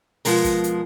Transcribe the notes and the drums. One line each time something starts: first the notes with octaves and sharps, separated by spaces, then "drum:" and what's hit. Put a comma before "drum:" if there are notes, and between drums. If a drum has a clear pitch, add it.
B2 F3 G#3 A#4, drum: open hi-hat
drum: kick, hi-hat
drum: hi-hat